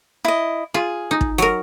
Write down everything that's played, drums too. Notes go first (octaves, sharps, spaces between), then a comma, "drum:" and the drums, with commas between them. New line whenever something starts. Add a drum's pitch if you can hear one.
E4 D#5
F4 G#4
D#4
drum: kick
F#3 A#4, drum: hi-hat